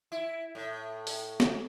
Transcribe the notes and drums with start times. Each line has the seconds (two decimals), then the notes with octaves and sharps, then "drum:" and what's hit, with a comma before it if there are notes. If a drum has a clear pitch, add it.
0.12 E4
0.55 A2
1.07 drum: open hi-hat
1.40 drum: snare